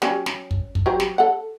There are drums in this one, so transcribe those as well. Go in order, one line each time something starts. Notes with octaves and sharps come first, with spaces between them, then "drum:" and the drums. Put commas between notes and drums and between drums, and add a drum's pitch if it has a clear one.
F#3 C#4 G4, drum: snare
drum: snare
drum: kick
drum: kick
F#3 G4 C5
drum: snare
A4 F#5